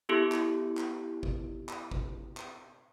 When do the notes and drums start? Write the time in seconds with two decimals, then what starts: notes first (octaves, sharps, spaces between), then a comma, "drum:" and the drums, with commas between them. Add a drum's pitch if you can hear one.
0.09 B3 E4 G4 A4
0.32 drum: clap
0.77 drum: clap
1.23 drum: kick G#1
1.69 drum: clap
1.91 drum: kick G#1
2.37 drum: clap